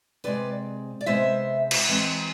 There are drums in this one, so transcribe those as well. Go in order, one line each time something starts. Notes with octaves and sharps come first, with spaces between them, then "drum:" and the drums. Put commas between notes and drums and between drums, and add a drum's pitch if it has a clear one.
C3 G#3 C4 B4 D5
D5
C3 G#3 B3 C5 E5
drum: cymbal
E3 G#3 C4